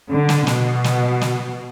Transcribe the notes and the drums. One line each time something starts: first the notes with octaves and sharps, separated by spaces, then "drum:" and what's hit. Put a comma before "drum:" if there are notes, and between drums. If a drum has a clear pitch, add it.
D3
drum: snare
B2, drum: snare
drum: snare
drum: snare